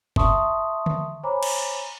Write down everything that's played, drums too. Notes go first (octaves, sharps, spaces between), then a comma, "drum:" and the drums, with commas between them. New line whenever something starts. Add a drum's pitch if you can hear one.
E5 A5 C6 C#6 D#6, drum: kick
drum: tom D3
C5 C#5 G#5 A#5 B5 D6
drum: cymbal